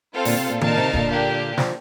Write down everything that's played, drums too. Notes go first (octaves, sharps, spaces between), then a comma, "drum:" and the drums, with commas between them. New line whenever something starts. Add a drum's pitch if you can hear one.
C4 F4 A4 C5 F5
A#2 D3, drum: open hi-hat
C3
A#2
A#2 D3 D#4 A#4 F5 A5, drum: tom D#3
C3 D#3
A#2 D3, drum: kick
A#3 D4 G4
D3 F3, drum: snare